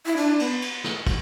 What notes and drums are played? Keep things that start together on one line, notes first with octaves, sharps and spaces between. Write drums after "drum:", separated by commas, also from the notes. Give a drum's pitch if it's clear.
E4
D4, drum: cymbal
B3, drum: cymbal
drum: cymbal
drum: snare
drum: kick, cymbal